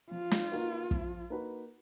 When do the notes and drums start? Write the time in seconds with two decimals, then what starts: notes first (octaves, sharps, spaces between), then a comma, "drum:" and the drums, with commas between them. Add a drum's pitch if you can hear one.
0.11 F3 F4
0.31 drum: snare
0.51 A#3 D#4 F#4 B4
0.91 F3, drum: kick
1.30 A#3 D#4 F#4 B4